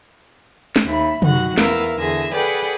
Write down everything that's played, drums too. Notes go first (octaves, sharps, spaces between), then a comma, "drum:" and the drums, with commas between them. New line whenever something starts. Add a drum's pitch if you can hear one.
drum: snare
D#2 E5 B5
F#2 D#3 F#4 F#5, drum: tom
E2 B3 E4 A#4 F5 E6, drum: snare
E2 D3 G#4 E5 A#6
G#4 A4 B4 D5 F#5 G5